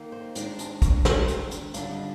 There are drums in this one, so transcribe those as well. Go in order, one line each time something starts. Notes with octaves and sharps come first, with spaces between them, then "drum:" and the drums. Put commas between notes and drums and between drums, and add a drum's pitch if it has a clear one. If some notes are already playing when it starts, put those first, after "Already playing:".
Already playing: D#3 A#3 D#4
C5
D#3 G#3 D4, drum: hi-hat
drum: hi-hat
drum: kick, hi-hat
D#3 G#3 D4, drum: snare
drum: hi-hat
drum: hi-hat
D3 G3 D4 F4 D5, drum: hi-hat
D#5